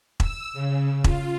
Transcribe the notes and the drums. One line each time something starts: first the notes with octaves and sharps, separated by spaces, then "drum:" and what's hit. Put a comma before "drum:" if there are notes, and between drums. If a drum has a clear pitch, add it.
E6, drum: kick E1
C#3
F4, drum: kick E1